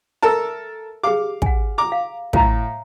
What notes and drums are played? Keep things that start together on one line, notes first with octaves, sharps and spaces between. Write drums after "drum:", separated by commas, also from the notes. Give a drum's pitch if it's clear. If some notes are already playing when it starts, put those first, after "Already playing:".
A4 A#4 E5 A5 E6
G4 G#4 F5 D6
F#5 G#5, drum: kick
A#5 D6
F5
A2 F5 A#5, drum: kick